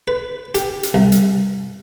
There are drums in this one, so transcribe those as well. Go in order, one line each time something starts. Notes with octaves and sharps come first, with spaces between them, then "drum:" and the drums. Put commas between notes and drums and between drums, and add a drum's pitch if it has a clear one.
B4
G4, drum: hi-hat
drum: hi-hat
C2
drum: hi-hat